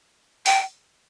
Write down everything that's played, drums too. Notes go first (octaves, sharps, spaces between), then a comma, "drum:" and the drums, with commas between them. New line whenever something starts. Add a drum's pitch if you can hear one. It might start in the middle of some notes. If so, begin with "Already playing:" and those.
G5, drum: open hi-hat